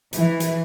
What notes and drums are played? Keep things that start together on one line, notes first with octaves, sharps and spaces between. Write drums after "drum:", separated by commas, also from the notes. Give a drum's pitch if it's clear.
E3, drum: hi-hat
drum: hi-hat